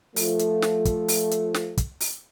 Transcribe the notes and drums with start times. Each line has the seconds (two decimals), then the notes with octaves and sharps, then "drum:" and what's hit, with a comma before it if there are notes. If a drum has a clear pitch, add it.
0.16 F3 A3, drum: open hi-hat
0.39 drum: hi-hat
0.62 drum: snare
0.85 drum: kick, hi-hat
1.08 drum: open hi-hat
1.31 drum: hi-hat
1.54 drum: snare
1.77 drum: kick, hi-hat
2.00 drum: open hi-hat